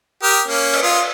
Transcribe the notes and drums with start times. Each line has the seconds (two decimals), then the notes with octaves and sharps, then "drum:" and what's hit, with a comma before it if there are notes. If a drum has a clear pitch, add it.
0.23 G4 A#4 D#6
0.47 A#3 C#4
0.74 drum: cymbal
0.83 F4 D#6